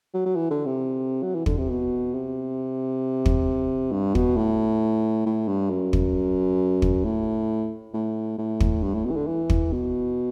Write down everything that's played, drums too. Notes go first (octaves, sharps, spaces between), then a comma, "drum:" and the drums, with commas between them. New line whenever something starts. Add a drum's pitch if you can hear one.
F#3
F#3
E3
D3
C3
F#3
E3
D3, drum: kick
C3
B2
C3
drum: kick
G2
B2, drum: kick
A2
A2
G2
F#2
drum: kick
drum: kick
A2
A2
A2
drum: kick
G2
A2
B2
E3
D3
E3
drum: kick
B2